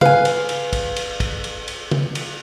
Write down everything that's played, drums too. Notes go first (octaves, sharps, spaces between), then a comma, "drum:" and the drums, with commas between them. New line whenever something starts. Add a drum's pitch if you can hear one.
B4 F5 G#5, drum: tom
drum: cymbal
drum: cymbal
drum: kick, cymbal
drum: cymbal
drum: kick, cymbal
drum: cymbal
drum: cymbal
drum: tom
drum: cymbal